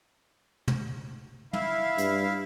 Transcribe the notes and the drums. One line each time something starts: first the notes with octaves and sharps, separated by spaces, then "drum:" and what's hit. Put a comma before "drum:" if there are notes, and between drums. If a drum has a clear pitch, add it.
drum: tom
E4 E5 F5, drum: tom
G2, drum: hi-hat